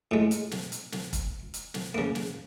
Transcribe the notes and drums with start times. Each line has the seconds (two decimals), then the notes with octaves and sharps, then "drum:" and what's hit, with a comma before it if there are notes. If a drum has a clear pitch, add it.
0.11 A2 G#3
0.31 drum: hi-hat
0.51 drum: snare
0.72 drum: hi-hat
0.92 drum: snare
1.13 drum: kick, hi-hat
1.54 drum: hi-hat
1.74 drum: snare
1.95 C#3 A#3
2.15 drum: snare